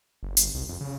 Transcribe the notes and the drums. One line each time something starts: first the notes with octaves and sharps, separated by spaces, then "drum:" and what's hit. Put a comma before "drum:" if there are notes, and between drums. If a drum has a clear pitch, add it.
F#1
G1, drum: hi-hat
C2
F2
C#3